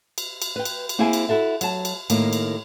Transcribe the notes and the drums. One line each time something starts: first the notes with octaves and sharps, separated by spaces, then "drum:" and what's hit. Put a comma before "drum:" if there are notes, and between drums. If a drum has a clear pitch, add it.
drum: cymbal
drum: cymbal
B4 G5
drum: cymbal
drum: cymbal
A#3 C4 E4 G#4 C5 G#5
drum: cymbal
E4 F#4 A4 E5
F#3 A5, drum: cymbal
drum: cymbal
A2 D#3 A#3, drum: cymbal
drum: cymbal